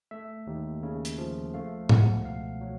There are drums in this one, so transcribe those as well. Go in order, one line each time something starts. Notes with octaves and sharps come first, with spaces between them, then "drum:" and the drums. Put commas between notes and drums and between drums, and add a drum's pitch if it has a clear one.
A3 E5
D#2
C#3
drum: hi-hat
F3
A3 F5
C#2 F#5, drum: tom
B2 F5
F#3